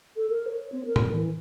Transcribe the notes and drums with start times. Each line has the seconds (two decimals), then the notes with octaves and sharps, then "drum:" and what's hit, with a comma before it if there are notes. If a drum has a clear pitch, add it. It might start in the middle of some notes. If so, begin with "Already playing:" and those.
0.16 A4
0.29 A#4
0.48 C#5
0.72 C4
0.86 A#4
0.96 drum: tom
1.12 E3